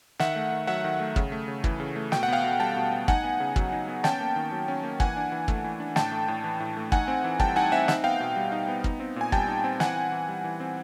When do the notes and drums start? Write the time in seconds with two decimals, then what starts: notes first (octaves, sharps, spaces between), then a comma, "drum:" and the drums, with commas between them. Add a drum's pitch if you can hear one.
0.19 D#3 E5 F#5, drum: snare
0.36 A3
0.52 D#3
0.67 F#3 E5 F#5
0.84 D#3
1.00 A3
1.16 C#3, drum: kick
1.32 A3
1.48 C#3
1.64 E3, drum: kick
1.80 C#3
1.96 A3
2.12 B2 G5, drum: snare
2.23 F#5
2.28 B3 F5 G5
2.44 B2
2.60 G3 G5 A5
2.76 B2
2.92 B3
3.08 D#4 F#5 G#5, drum: kick
3.24 B3
3.40 C#3
3.56 F#3, drum: kick
3.72 D#4
3.88 B3
4.04 C#4 G5 A5, drum: snare
4.20 A#3
4.36 D#3
4.52 F#3
4.68 C#4
4.84 A#3
5.00 E3 F#5 G#5, drum: kick
5.16 D4
5.32 E3
5.48 A3, drum: kick
5.64 E3
5.80 D4
5.96 A2 G5 A5, drum: snare
6.12 A3
6.28 A2
6.44 E3
6.60 A2
6.77 A3
6.92 D#4 F#5 G#5, drum: kick
7.08 C4
7.24 E3
7.40 G3 G5 A5, drum: kick
7.56 D#4 F#5 G#5
7.72 C4 E5 F#5
7.88 D#4 E5 F#5, drum: snare
8.04 B3 F5 G5
8.20 B2
8.36 G3
8.52 D#4
8.68 B3
8.84 D#4, drum: kick
9.00 C4
9.16 A#2 G#5
9.32 G3 G5 A5, drum: kick
9.48 D#4
9.64 C4
9.80 E3 F#5 G#5, drum: snare
9.96 C4
10.12 E3
10.28 G3
10.44 E3
10.60 C4